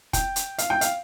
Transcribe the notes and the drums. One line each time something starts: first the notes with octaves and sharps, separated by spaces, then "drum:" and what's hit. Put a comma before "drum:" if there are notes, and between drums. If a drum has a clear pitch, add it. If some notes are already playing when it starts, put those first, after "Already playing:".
G5, drum: kick, hi-hat
drum: hi-hat
F5, drum: hi-hat
G5
F5, drum: hi-hat